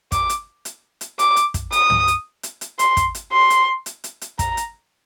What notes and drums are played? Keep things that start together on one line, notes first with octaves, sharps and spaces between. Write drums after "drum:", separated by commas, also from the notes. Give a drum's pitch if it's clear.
D6, drum: kick, hi-hat
drum: hi-hat
drum: hi-hat
drum: hi-hat
D6, drum: hi-hat
drum: hi-hat
drum: kick, hi-hat
D#6, drum: hi-hat
drum: tom
drum: hi-hat
drum: hi-hat
drum: hi-hat
C6, drum: hi-hat
drum: kick, hi-hat
drum: hi-hat
C6
drum: hi-hat
drum: hi-hat
drum: hi-hat
drum: hi-hat
A#5, drum: kick, hi-hat
drum: hi-hat